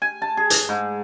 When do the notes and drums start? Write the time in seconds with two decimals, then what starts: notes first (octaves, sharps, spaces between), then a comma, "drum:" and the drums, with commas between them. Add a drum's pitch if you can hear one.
0.02 G#5
0.22 A5
0.37 G#4
0.50 drum: hi-hat
0.69 G#2